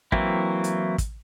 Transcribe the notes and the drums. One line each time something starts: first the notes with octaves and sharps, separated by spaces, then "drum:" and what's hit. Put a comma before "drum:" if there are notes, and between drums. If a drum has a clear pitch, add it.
E3 F#3 A#3 C4 E4, drum: kick
drum: hi-hat
drum: kick, hi-hat